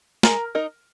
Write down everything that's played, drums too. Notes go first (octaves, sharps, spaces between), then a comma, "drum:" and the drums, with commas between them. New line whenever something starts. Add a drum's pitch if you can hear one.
G#3 A#4, drum: snare
D#4 A#4 D#5